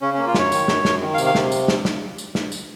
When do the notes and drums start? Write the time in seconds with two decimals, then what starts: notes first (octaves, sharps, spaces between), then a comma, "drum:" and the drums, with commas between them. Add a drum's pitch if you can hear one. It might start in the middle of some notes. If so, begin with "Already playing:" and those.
0.01 C#3 C#4
0.14 A#3 C#4
0.27 F4
0.34 F#2 C#5, drum: snare
0.52 D#3, drum: tambourine
0.68 F#2, drum: snare
0.85 F#2, drum: snare
1.01 D#3
1.14 F5
1.18 C3, drum: tambourine
1.26 F5
1.35 C3, drum: snare
1.52 drum: tambourine
1.68 drum: snare
1.85 drum: snare
2.18 drum: tambourine
2.35 drum: snare
2.52 drum: tambourine